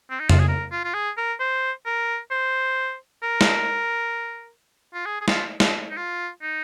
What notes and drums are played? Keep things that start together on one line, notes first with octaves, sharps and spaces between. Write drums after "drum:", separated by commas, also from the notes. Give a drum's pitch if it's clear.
C4
D#4
F4, drum: tom F2
G#4
A#4
F4
F4
G#4
A#4
C5
A#4
C5
A#4
drum: snare
F4
G#4
G#4
F4, drum: snare
drum: snare
D#4
F4
D#4